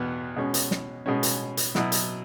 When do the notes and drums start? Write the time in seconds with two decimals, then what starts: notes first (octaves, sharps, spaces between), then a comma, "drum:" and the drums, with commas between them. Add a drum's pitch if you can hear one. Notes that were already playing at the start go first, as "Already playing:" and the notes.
Already playing: E2 B2 B3
0.36 B2 G#3 C#4
0.54 drum: hi-hat
0.71 drum: snare
1.06 B2 G#3 C#4
1.23 drum: hi-hat
1.57 drum: hi-hat
1.75 B2 F#3 E4, drum: snare
1.92 drum: hi-hat